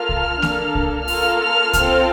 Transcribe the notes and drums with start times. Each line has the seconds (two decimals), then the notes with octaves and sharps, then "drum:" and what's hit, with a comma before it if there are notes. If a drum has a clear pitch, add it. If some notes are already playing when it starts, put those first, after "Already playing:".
Already playing: A#3 F4 A4 F6
0.09 drum: kick C2
0.42 A#3 D4 A4, drum: snare A#3
0.75 drum: kick C2
1.08 A#3 F4 A4 F6, drum: open hi-hat
1.41 F6
1.73 C4 F4 A4, drum: kick C2, hi-hat